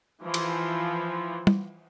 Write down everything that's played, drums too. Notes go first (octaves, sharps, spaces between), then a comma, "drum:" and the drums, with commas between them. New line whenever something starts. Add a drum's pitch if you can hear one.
E3 F3
drum: cymbal
drum: tom